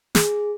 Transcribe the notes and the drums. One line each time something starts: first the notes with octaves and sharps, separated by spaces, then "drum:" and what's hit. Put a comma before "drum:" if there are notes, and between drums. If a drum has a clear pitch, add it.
G#4, drum: snare